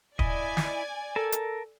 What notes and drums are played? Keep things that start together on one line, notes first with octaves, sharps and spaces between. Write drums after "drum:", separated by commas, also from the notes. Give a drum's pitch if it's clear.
E4 D5 D#5 G#5, drum: kick
drum: snare
A4 A#4 A5
drum: hi-hat